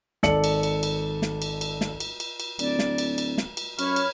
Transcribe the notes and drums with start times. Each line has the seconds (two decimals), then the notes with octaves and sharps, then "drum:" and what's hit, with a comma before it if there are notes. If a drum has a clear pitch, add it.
0.23 G#1 A4 D5 C#7 F#7, drum: snare
0.44 drum: cymbal
0.63 drum: cymbal
0.83 drum: cymbal
1.22 drum: snare
1.42 drum: cymbal
1.61 drum: cymbal
1.81 drum: snare
2.00 drum: cymbal
2.20 drum: cymbal
2.40 drum: cymbal
2.59 D1 D5, drum: cymbal
2.79 drum: snare
2.98 drum: cymbal
3.18 drum: cymbal
3.38 drum: snare
3.57 drum: cymbal
3.79 F#2 C#5 B5 C#6 F6, drum: cymbal
3.96 drum: cymbal